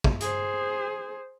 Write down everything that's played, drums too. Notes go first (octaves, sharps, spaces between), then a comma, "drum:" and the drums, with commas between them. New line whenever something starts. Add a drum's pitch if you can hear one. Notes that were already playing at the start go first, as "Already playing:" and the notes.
drum: kick
G#4 C5, drum: hi-hat